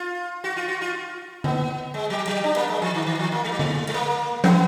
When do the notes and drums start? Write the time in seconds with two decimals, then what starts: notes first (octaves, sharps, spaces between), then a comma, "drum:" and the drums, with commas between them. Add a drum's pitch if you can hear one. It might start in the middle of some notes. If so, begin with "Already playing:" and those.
Already playing: F4
0.44 F#4
0.56 F4
0.68 F#4
0.81 F4
1.44 B3, drum: tom D3
1.94 G#3
2.10 F#3
2.27 F#3
2.44 D4
2.56 A#3
2.69 G#3
2.82 F3
2.94 D#3
3.07 D#3
3.19 F3
3.32 A#3
3.44 G#3
3.52 F#3
3.59 G#3, drum: tom D3
3.89 G#3
3.94 A#3
4.44 B3, drum: tom F3